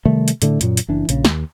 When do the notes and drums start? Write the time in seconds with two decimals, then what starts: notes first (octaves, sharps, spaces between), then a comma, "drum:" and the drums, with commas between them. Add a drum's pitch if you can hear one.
0.05 C3 D#3 G3 A3
0.28 drum: hi-hat
0.42 A2 D3 A3, drum: hi-hat
0.61 F#2 A#2 F#3, drum: hi-hat
0.77 drum: hi-hat
0.88 F#1 E3 D4
1.09 A#1 C#3, drum: hi-hat
1.25 D#2, drum: snare